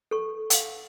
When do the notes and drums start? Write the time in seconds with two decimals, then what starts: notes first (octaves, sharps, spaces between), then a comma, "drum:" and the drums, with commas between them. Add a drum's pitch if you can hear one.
0.11 A4 C#6
0.50 F5 F#5, drum: hi-hat